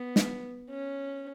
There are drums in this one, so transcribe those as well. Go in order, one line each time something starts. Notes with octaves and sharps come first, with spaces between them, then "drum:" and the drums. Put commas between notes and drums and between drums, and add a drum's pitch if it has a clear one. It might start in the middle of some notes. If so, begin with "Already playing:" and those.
Already playing: B3
drum: snare
C#4